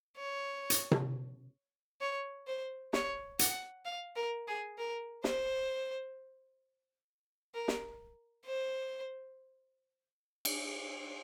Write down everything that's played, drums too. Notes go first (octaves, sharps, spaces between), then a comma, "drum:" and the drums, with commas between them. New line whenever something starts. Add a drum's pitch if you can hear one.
C#5
drum: hi-hat
drum: tom C3
C#5
C5
C#5, drum: snare
F#5, drum: hi-hat
F5
A#4
G#4
A#4
C5, drum: snare
A#4
drum: snare
C5
drum: cymbal